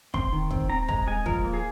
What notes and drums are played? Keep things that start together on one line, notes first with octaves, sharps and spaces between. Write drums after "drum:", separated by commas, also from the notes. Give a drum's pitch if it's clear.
C4 C6, drum: kick
D#3
C4, drum: kick
C4 A#5
G#3 A#5, drum: kick
G#3 G#5
F3 A#4, drum: kick
A#3
G#4